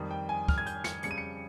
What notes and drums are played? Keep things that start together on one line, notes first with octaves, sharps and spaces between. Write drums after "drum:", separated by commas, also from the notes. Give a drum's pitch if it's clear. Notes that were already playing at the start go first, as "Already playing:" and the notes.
Already playing: F2 D#3 G3
G5
G#5
F6, drum: kick
G#6
G6, drum: hi-hat
C#7, drum: snare
F2 C#3 G3 C#7, drum: hi-hat
D#7
C#7